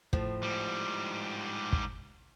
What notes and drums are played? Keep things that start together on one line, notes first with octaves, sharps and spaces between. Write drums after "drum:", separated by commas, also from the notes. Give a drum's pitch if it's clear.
A2 F3, drum: kick
G#2 G3
drum: kick